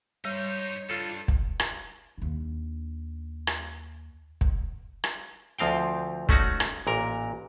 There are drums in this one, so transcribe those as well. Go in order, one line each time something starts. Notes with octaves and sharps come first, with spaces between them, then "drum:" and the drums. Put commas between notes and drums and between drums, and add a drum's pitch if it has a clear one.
G3 D#4 C5 C#5
G2 F4 A4
drum: kick
drum: rim click
D#2 D4
drum: rim click
drum: kick
drum: rim click
D2 F3 C4 F5 G5
A3 C#4 D#4 F#4, drum: kick
drum: rim click
A1 A#2 A#4